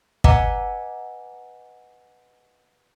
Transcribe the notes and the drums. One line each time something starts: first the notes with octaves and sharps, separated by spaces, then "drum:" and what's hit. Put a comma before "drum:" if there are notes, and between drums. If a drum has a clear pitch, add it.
B4 D#5 F#5 G#5 A#5 D6, drum: kick